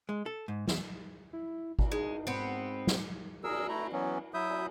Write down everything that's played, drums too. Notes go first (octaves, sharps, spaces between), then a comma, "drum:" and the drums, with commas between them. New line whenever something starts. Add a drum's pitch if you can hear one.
G#3
A4
G#2
E2, drum: snare
E4
drum: kick G#1, cymbal
G#3 D#4
G#2 B3 C4
drum: snare
G#4 A#4 E6, drum: cymbal
A3 E4 A#5
E3 F#3 B3 C#4
F#3 E4 E5 D#6 G6
drum: cymbal